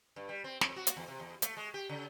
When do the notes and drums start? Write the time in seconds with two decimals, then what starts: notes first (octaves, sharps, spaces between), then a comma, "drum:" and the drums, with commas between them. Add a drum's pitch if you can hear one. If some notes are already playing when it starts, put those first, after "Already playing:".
0.16 G2
0.29 G3
0.44 C4
0.61 F2, drum: snare
0.76 F#4
0.87 drum: hi-hat
0.97 E2
1.08 C3
1.20 E2
1.42 A3, drum: hi-hat
1.57 G#3
1.74 G4
1.89 C#3